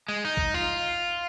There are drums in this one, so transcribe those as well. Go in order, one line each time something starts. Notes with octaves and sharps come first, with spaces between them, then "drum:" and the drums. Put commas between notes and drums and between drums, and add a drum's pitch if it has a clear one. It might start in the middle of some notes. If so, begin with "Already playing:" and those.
G#3
D#4
drum: kick
F4